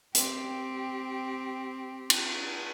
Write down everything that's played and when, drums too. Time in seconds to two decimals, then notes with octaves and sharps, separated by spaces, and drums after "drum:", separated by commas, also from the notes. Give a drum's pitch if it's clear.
0.15 C4 G4, drum: hi-hat
2.10 drum: cymbal